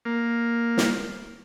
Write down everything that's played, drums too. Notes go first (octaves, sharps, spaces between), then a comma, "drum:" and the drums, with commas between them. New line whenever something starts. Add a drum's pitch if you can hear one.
A#3
drum: snare